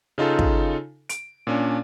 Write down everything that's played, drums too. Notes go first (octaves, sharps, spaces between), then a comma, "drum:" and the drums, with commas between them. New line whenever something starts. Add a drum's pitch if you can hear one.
C#3 D#4 F4 A4
drum: kick
D7, drum: hi-hat
A#2 C#4 D4